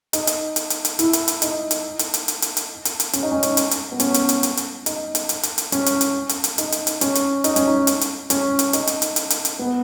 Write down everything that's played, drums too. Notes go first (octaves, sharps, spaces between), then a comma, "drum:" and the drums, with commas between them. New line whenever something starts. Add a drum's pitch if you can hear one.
D#4, drum: hi-hat
drum: hi-hat
drum: hi-hat
drum: hi-hat
drum: hi-hat
E4, drum: hi-hat
drum: hi-hat
drum: hi-hat
D#4, drum: hi-hat
drum: hi-hat
drum: hi-hat
drum: hi-hat
drum: hi-hat
drum: hi-hat
drum: hi-hat
drum: hi-hat
drum: hi-hat
C#4, drum: hi-hat
D#4
C#4
drum: hi-hat
drum: hi-hat
drum: hi-hat
B3
C#4, drum: hi-hat
drum: hi-hat
drum: hi-hat
drum: hi-hat
drum: hi-hat
D#4, drum: hi-hat
drum: hi-hat
drum: hi-hat
drum: hi-hat
drum: hi-hat
C#4, drum: hi-hat
drum: hi-hat
drum: hi-hat
drum: hi-hat
drum: hi-hat
D#4, drum: hi-hat
drum: hi-hat
drum: hi-hat
C#4, drum: hi-hat
drum: hi-hat
D#4, drum: hi-hat
C#4, drum: hi-hat
D#4
drum: hi-hat
drum: hi-hat
C#4, drum: hi-hat
drum: hi-hat
D#4, drum: hi-hat
drum: hi-hat
drum: hi-hat
drum: hi-hat
drum: hi-hat
drum: hi-hat
B3